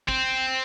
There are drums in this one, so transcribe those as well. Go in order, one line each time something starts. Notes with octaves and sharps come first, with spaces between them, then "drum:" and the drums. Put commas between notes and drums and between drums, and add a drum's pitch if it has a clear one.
C4, drum: kick